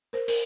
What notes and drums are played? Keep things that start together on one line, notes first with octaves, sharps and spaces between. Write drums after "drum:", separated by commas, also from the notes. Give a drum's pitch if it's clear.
A#4 C5
A#4, drum: open hi-hat